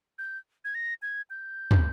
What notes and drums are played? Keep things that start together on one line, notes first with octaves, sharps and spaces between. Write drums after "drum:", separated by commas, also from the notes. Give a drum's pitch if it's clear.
G6
G#6
A#6
G#6
G6
drum: tom